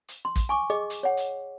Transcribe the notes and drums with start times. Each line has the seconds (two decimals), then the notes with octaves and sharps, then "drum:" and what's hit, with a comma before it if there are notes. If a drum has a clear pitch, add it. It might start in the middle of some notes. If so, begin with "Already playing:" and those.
0.08 drum: hi-hat
0.25 C6
0.36 drum: kick, hi-hat
0.49 G#5 C#6 D6
0.70 G#4 D#5 D6
0.90 drum: hi-hat
1.03 C#5 F#5
1.17 drum: hi-hat